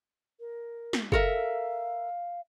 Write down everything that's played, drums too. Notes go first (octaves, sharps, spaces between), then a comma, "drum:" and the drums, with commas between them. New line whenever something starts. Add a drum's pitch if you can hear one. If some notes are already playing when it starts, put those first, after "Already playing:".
A#4
drum: snare
A4 A#4 E5 F5, drum: kick